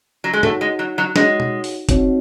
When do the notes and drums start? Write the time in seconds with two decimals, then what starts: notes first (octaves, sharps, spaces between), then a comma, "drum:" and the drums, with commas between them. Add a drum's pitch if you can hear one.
0.24 F#3
0.33 G#3
0.43 A3 D#4 F#4 C#5 F#5, drum: tom
0.61 G#3
0.79 F#3
0.98 F#3
1.16 G#3 D#4 F#4 C#5 F#5, drum: snare
1.40 drum: tom
1.64 drum: open hi-hat
1.89 C4 D#4 F#4 C#5, drum: kick F#1, hi-hat